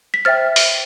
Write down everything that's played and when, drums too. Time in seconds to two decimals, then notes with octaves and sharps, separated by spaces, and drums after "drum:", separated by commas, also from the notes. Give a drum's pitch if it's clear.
0.14 B6
0.25 C5 E5 G5 F6 A6
0.56 drum: open hi-hat